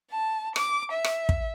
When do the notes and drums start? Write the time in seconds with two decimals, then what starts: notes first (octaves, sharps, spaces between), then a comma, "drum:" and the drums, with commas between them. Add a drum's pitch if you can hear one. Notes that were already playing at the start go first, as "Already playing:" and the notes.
0.11 A5
0.56 D6, drum: rim click
0.92 E5
1.04 drum: rim click
1.29 drum: kick